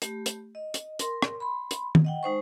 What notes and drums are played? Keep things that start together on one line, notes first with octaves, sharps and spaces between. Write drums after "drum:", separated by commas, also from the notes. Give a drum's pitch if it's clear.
A3 G4, drum: hi-hat
drum: hi-hat
D#5
drum: hi-hat
A#4 C6, drum: hi-hat
drum: rim click
B5 C6
drum: hi-hat
drum: tom D#3
D#5 F#5 G5
G#3 D#4 C5 C#6